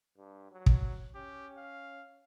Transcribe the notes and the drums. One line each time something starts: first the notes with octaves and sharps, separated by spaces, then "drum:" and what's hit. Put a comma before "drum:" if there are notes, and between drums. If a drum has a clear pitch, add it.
G2
F#3
drum: kick
C#4 G4
F5